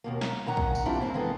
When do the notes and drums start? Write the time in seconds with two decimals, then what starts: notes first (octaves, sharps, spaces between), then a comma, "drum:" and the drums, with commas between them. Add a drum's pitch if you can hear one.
0.04 D#2 B2 A#3
0.21 A#5, drum: snare
0.46 A#2 D#3 C#4 F#5 A#5
0.57 drum: kick
0.75 drum: tambourine
0.85 E3 G3 C4 D4 E4 F4
1.00 G#2 A#3 C4
1.14 D#3 E3 G#3 B3 A4